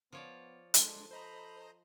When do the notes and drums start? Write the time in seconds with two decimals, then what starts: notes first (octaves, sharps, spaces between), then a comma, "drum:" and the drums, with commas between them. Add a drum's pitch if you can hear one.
0.12 F3 B3 C#5 D5
0.74 G#3 D4 A4 C6, drum: hi-hat
1.11 C5 D#5 A#5 B5